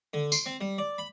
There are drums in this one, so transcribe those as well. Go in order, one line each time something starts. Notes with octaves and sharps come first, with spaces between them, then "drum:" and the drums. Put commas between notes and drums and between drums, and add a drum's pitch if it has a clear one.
D3
C6, drum: tambourine
C4
G3
D5
B5